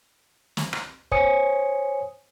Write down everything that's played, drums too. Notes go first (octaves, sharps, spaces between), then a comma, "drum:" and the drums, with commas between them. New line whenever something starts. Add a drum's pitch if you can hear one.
drum: snare
drum: rim click
C5 C#5 G#5 D#6 C#7, drum: kick